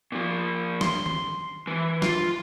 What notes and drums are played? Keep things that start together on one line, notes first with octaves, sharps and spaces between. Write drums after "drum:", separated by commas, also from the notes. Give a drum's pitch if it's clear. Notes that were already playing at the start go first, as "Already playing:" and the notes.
A#2 F3
C6, drum: snare
drum: tom D#3
E3
F4, drum: snare